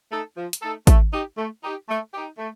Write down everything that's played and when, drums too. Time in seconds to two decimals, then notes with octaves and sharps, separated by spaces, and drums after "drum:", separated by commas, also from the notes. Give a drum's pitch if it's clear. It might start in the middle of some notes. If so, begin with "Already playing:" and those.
0.11 A3 D#4 A4
0.37 F3
0.53 drum: hi-hat
0.62 A3 D#4 A4
0.87 A3, drum: kick, hi-hat
1.12 D#4 G4
1.38 A3
1.63 D#4 G4
1.89 A3
2.14 D#4 G4
2.38 A3